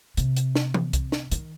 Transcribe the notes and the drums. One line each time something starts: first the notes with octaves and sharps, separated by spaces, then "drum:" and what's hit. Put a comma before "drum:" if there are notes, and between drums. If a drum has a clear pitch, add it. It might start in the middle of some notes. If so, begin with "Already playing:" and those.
C3, drum: hi-hat
drum: hi-hat
drum: snare
drum: tom
drum: kick C2, hi-hat
drum: snare
D#3, drum: hi-hat